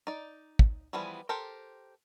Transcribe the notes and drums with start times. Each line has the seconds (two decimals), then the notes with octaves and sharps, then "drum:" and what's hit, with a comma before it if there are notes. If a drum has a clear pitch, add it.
0.07 D#4 D5
0.59 drum: kick
0.93 E3 F3 G3 B3 G#4
1.29 G4 A4 A#4 C5 G5